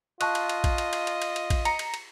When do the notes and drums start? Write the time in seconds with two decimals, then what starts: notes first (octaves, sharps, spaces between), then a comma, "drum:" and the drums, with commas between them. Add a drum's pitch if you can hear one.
0.21 F4 D#5 A5 C#6 F#6, drum: cymbal
0.35 drum: cymbal
0.49 drum: cymbal
0.64 drum: kick A#1, cymbal
0.78 drum: cymbal
0.93 drum: cymbal
1.07 drum: cymbal
1.22 drum: cymbal
1.36 drum: cymbal
1.50 drum: kick A#1, cymbal
1.65 A#5 C#7, drum: cymbal
1.79 drum: cymbal
1.94 drum: cymbal